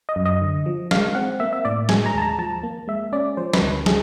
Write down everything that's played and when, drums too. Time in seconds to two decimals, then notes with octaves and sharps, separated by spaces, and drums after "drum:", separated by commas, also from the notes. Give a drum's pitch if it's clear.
0.09 D#5
0.16 F#2
0.26 D#5
0.42 D3
0.66 F3
0.91 G#3 F5, drum: snare
1.15 C4 F#5
1.40 A#3 E5
1.53 E5
1.65 A2 D5
1.89 G#3 G#5, drum: snare
2.06 A#5
2.14 D#2 A5
2.22 A#5
2.38 F3 A5
2.63 A#3
2.88 G#3 E5
3.13 C#4 D5
3.37 F3 C5
3.54 B4, drum: snare
3.62 D2
3.86 G3 G#4, drum: snare